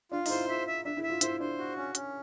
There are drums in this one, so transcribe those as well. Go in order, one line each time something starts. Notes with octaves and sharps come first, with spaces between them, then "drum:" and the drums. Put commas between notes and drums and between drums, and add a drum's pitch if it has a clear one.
D4 F4
D#4, drum: open hi-hat
E4 C5
F4 E5
E5
D4 E5
E4
E5
F4
E4 C5, drum: hi-hat
D4 C5
F#4
C#4
C#4, drum: hi-hat